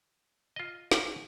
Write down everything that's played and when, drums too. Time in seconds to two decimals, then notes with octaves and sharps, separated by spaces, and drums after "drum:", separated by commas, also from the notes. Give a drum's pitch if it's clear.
0.56 F4 D#5
0.91 drum: snare